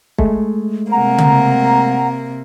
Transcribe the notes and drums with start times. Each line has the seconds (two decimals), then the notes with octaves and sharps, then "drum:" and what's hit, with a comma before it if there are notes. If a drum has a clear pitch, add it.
0.18 G#3 A3, drum: kick
0.92 C3 A#3 F#5 A#5
1.18 drum: tom C#3